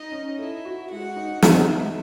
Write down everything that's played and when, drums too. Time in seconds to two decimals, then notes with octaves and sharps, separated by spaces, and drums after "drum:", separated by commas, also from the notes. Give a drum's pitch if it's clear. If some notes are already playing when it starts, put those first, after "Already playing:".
Already playing: D#4 D#5
0.12 C#4
0.38 E4 A4 E5
0.65 F#4
0.90 G#3 F#4 F#5
1.16 D#4
1.42 G#3 E4 E5, drum: snare
1.69 D#4